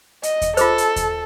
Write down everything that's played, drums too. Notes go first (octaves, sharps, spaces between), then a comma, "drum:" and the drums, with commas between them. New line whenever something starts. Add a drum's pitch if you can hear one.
D#5, drum: hi-hat
drum: kick D#2, hi-hat
F4 G#4 A4 C5, drum: hi-hat
drum: hi-hat
drum: kick D#2, hi-hat